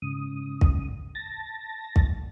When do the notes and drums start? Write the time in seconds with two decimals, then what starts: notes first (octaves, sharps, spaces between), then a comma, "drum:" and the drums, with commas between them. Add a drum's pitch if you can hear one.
0.02 G#2 C#3 D#6
0.61 drum: kick
1.15 A5 A6 A#6
1.96 drum: kick